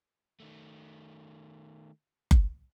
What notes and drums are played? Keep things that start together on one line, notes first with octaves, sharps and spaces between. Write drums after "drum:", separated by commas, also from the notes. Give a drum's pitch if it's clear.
D#3 A3
drum: kick F#1